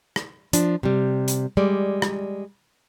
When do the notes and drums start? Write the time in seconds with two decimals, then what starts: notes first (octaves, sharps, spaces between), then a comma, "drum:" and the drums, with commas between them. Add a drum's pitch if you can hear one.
0.16 drum: rim click
0.53 F3 D4, drum: hi-hat
0.83 C3 G3
1.28 drum: hi-hat
1.57 G3 G#3 D5
2.02 drum: rim click